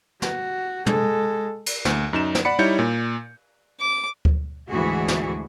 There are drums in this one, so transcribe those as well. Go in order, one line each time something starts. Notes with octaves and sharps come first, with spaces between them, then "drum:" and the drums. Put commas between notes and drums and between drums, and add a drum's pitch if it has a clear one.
F#4, drum: snare
G#3 A4, drum: tom
drum: cymbal
D2, drum: snare
F#2 D#4 E7
drum: snare
D5 F#5 B5 C#7
G3 D#4 E4 C#5 G6 C#7
A#2
D6
drum: kick D2
D2 G#2 E3 E4 F#4 G#4
drum: snare